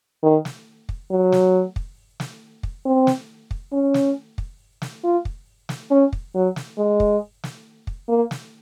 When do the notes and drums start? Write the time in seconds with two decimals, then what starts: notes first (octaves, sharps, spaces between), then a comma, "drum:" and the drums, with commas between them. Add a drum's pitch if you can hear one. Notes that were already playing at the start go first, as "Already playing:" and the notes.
0.23 D#3
0.45 drum: snare
0.89 drum: kick
1.11 F#3
1.32 drum: snare
1.76 drum: kick
2.20 drum: snare
2.63 drum: kick
2.85 C4
3.07 drum: snare
3.51 drum: kick
3.72 C#4
3.94 drum: snare
4.38 drum: kick
4.82 drum: snare
5.04 F4
5.25 drum: kick
5.69 drum: snare
5.91 C#4
6.13 drum: kick
6.35 F#3
6.56 drum: snare
6.78 G#3
7.00 drum: kick
7.44 drum: snare
7.87 drum: kick
8.09 A#3
8.31 drum: snare